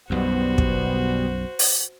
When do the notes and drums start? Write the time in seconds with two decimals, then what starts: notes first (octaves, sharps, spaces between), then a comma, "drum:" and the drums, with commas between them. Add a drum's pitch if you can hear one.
0.10 B1 F#2 B2 G3 B3 F#4 C5
0.58 drum: kick
1.59 drum: open hi-hat